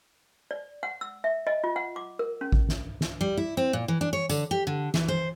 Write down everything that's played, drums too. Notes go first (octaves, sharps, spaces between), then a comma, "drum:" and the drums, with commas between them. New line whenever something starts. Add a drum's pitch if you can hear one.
D5
F#5
E6
E5
D#5
F4
F#5
D6
A#4
C#4
drum: kick A1
drum: snare
drum: snare
G3
E4
C4
A#2
E3
D4
C#5
D3, drum: tambourine
G4
D3
E3, drum: snare
C5